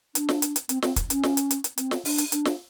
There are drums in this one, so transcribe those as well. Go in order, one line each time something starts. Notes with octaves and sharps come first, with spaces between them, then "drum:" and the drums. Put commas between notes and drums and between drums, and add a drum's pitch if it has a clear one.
D4, drum: hi-hat
drum: snare
drum: hi-hat
drum: hi-hat
C4, drum: hi-hat
C4, drum: snare
drum: kick, hi-hat
C#4, drum: hi-hat
drum: snare
drum: hi-hat
drum: hi-hat
drum: hi-hat
C4, drum: hi-hat
drum: snare
D4, drum: open hi-hat
drum: hi-hat
D4, drum: hi-hat
drum: snare